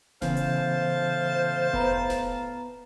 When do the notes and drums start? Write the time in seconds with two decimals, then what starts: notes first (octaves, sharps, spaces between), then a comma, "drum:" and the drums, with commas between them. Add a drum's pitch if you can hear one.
0.22 A2 C#3 E3 B3 C5 F5 A5, drum: snare D#1
0.37 drum: hi-hat
1.73 B3 B4 A#5, drum: kick F1
2.10 drum: snare D#1